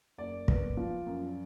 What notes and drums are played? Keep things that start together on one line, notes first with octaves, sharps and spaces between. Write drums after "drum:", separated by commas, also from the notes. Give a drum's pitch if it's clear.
F#1 D5
B3, drum: kick
F3
F#2